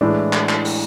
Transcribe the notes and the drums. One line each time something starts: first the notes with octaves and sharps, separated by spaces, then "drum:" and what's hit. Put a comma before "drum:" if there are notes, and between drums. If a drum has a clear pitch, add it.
A2 E3 G#3 D4
drum: clap
drum: clap
drum: open hi-hat